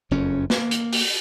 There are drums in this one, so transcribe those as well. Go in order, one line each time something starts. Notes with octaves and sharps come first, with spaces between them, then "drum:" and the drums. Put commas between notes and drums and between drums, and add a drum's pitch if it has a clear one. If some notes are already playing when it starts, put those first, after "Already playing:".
F#1 F2 C#4
A#3, drum: snare
drum: hi-hat
drum: open hi-hat